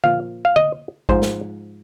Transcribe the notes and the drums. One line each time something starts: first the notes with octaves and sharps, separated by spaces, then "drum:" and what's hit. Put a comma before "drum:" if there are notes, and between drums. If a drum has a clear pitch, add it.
A#2 F3 F5, drum: tom D3
F5
D#5, drum: tom D3
G#2 F3 C5, drum: kick
drum: snare